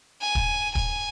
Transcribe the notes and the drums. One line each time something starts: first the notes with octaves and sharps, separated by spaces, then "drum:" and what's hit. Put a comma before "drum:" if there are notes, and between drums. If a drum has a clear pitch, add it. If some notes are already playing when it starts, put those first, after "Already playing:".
G#5
drum: kick
G#5, drum: kick